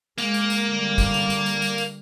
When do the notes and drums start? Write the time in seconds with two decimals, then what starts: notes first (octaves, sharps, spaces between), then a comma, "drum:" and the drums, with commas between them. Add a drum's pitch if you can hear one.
0.18 G#3 A#3, drum: tambourine
0.34 drum: tambourine
0.50 drum: tambourine
0.69 D3 G3
0.98 drum: kick, tambourine
1.14 drum: tambourine
1.30 drum: tambourine
1.46 drum: tambourine
1.62 drum: tambourine
1.78 drum: tambourine